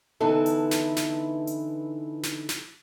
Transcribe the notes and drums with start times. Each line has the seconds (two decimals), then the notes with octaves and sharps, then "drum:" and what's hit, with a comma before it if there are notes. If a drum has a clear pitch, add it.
0.20 D3 E3 B3 D#4 E4 A4
0.46 drum: hi-hat
0.71 drum: snare
0.97 drum: snare
1.47 drum: hi-hat
2.23 drum: snare
2.49 drum: snare